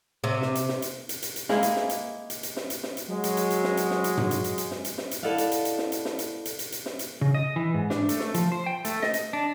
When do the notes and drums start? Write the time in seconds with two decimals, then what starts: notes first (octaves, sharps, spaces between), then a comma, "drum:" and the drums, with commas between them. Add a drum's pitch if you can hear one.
0.24 C3
0.42 drum: snare
0.55 drum: hi-hat
0.69 drum: snare
0.82 drum: hi-hat
1.09 drum: hi-hat
1.22 drum: hi-hat
1.36 drum: hi-hat
1.49 G#3 A#3 E4, drum: snare
1.63 drum: hi-hat
1.76 drum: snare
1.89 drum: hi-hat
2.30 drum: hi-hat
2.43 drum: hi-hat
2.57 drum: snare
2.70 drum: hi-hat
2.83 drum: snare
2.97 drum: hi-hat
3.09 F#3 G#3
3.24 drum: hi-hat
3.37 drum: hi-hat
3.50 drum: hi-hat
3.64 drum: snare
3.77 drum: hi-hat
3.91 drum: snare
4.04 drum: hi-hat
4.17 drum: tom
4.31 drum: hi-hat
4.44 drum: hi-hat
4.58 drum: hi-hat
4.71 drum: snare
4.85 drum: hi-hat
4.98 drum: snare
5.11 drum: hi-hat
5.23 E4 A4 D5 D#5 F5 F#5
5.38 drum: hi-hat
5.52 drum: hi-hat
5.65 drum: hi-hat
5.78 drum: snare
5.92 drum: hi-hat
6.05 drum: snare
6.19 drum: hi-hat
6.45 drum: hi-hat
6.59 drum: hi-hat
6.72 drum: hi-hat
6.86 drum: snare
6.99 drum: hi-hat
7.21 C#3
7.34 D#5
7.56 E3
7.74 G#2
7.90 D4, drum: snare
8.09 A3, drum: hi-hat
8.20 drum: snare
8.34 F3, drum: hi-hat
8.52 C5
8.66 G5
8.85 A3, drum: hi-hat
9.03 D#5, drum: snare
9.14 drum: hi-hat
9.33 D4